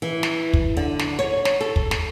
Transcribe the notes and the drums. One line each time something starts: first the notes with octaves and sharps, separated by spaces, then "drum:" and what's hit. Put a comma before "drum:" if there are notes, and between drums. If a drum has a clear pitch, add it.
E3
drum: snare
drum: kick
D3
drum: snare
C#5
drum: snare
A4
drum: kick
drum: snare